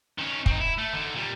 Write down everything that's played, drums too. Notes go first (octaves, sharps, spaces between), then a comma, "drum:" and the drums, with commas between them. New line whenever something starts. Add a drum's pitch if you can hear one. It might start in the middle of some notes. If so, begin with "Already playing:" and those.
D#3 C#4
C4 D#4, drum: kick
E4
A3
D3 D#3
A#2 G3